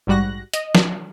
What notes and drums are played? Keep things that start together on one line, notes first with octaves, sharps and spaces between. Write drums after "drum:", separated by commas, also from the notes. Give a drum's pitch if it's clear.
A#1 G#2 G3 F#4 F#6 A#6
D#5, drum: hi-hat
drum: snare